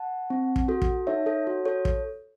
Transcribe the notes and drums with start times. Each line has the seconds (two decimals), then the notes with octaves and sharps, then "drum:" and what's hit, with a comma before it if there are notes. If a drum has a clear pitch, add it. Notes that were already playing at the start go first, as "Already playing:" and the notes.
Already playing: F#5 A5
0.30 C4
0.56 drum: kick
0.68 F#4 A4
0.82 drum: kick
1.07 D#4 C#5 E5
1.26 A4 C#5
1.47 F#4 A4
1.65 A4 C#5
1.85 drum: kick